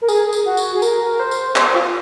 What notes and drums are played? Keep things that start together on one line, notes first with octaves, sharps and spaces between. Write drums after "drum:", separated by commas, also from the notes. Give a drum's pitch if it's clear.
A#4
G#4, drum: tambourine
drum: tambourine
F#4
drum: tambourine
G#4
A#4, drum: tambourine
A#4
C5
drum: tambourine
C5, drum: clap
F4